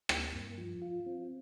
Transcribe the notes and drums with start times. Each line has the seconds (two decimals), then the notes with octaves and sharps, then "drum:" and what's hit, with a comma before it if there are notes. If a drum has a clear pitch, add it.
0.09 A#3, drum: rim click
0.33 G2
0.58 F3
0.82 F4
1.06 C4